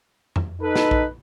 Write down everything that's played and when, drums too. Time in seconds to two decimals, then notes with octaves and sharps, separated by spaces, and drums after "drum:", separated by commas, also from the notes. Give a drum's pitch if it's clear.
0.36 drum: tom F2
0.62 D#4 A4 B4
0.76 drum: snare
0.91 drum: kick A#1